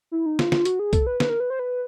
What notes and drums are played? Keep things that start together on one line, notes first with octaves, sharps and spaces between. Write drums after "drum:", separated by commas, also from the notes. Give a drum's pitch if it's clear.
E4
D#4
F4, drum: snare
F4, drum: snare
F#4, drum: hi-hat
G#4
A4, drum: kick, hi-hat
B4
B4, drum: snare
A#4
B4
C5
B4